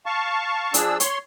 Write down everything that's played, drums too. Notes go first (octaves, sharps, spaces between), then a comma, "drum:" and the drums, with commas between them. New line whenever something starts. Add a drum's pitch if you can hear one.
F5 A5 C#6
F3 D4 G#4 E6, drum: hi-hat
C#5 C6, drum: hi-hat